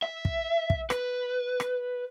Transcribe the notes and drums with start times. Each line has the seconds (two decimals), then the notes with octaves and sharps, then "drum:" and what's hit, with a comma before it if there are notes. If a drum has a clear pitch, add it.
0.02 E5
0.25 drum: kick
0.70 drum: kick
0.90 B4, drum: rim click
1.60 drum: rim click